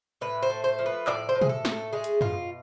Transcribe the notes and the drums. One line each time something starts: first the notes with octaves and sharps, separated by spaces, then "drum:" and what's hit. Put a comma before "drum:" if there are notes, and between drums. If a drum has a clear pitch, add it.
A2 B4
C5
A3
C5
F3
B4
A2 D5, drum: clap
C5
A2
G#4, drum: tom B2
A4
A3, drum: snare
A4
G#3 G#4
drum: hi-hat
B2 F4, drum: tom F#2